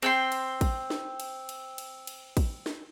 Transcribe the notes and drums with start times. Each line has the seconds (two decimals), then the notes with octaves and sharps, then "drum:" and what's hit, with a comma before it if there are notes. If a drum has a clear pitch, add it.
0.03 C4 G5 C6, drum: cymbal
0.32 drum: cymbal
0.61 drum: kick, cymbal
0.90 drum: snare
1.20 drum: cymbal
1.49 drum: cymbal
1.78 drum: cymbal
2.07 drum: cymbal
2.37 drum: kick, cymbal
2.66 drum: snare